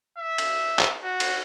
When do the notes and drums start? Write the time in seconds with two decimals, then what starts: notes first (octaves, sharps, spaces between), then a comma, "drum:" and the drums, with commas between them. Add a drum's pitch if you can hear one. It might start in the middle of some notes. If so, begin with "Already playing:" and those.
0.18 E5
0.38 drum: cymbal
0.79 drum: clap
1.04 F#4
1.20 drum: cymbal